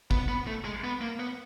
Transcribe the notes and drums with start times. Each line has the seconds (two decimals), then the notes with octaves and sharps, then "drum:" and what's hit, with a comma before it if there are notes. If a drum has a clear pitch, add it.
0.11 B3, drum: kick
0.28 B3
0.47 A3
0.65 G#3
0.84 B3
1.01 A#3
1.20 B3